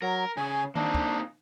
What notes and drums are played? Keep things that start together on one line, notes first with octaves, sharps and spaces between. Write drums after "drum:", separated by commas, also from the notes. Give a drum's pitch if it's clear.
F#3 A#4
C#3 G#5
A#3 C4 D4 D#4, drum: tom D#3
drum: kick